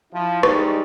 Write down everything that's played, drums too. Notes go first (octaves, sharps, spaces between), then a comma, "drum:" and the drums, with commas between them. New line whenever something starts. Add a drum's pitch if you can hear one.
F3 E4
G3 G#3 D#4 C#6, drum: rim click